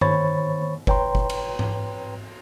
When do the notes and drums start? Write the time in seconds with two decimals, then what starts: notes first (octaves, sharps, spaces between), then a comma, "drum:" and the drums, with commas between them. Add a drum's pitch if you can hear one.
0.01 D#3 C5 C#5 B5 C#6 A6, drum: tom G2
0.87 B4 C#5 G5 A#5 C6, drum: kick F#1
1.15 drum: kick F#1
1.30 drum: cymbal
1.59 drum: tom G#2